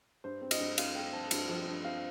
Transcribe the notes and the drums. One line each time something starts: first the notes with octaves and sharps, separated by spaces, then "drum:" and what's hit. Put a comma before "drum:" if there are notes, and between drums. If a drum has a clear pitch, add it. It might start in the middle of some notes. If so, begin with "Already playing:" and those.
G2 C5
C4
D#5, drum: cymbal
G2
C4 F5, drum: cymbal
C4 G5
C4 A5
G2, drum: cymbal
F3
G2
C4 F5